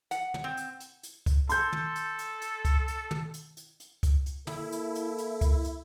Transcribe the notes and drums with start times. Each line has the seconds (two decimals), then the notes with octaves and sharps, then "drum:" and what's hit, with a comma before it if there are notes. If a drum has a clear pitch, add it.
0.11 F#5, drum: hi-hat
0.34 drum: tom
0.44 C4
0.57 drum: hi-hat
0.80 drum: hi-hat
1.03 drum: hi-hat
1.26 drum: kick C#2, hi-hat
1.49 A4 C6 G6, drum: hi-hat
1.72 drum: tom
1.96 drum: hi-hat
2.19 drum: hi-hat
2.42 drum: hi-hat
2.65 drum: kick C#2, hi-hat
2.88 drum: hi-hat
3.11 drum: tom
3.34 drum: hi-hat
3.57 drum: hi-hat
3.80 drum: hi-hat
4.03 drum: kick C#2, hi-hat
4.26 drum: hi-hat
4.47 A#3 E4 A4, drum: tom
4.72 drum: hi-hat
4.95 drum: hi-hat
5.18 drum: hi-hat
5.41 drum: kick C#2, hi-hat
5.64 drum: hi-hat